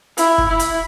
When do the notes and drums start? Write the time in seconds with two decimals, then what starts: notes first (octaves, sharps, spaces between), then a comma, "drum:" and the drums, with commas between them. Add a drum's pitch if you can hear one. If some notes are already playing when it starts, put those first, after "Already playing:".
0.17 E4, drum: hi-hat
0.38 drum: kick
0.48 E4
0.59 drum: hi-hat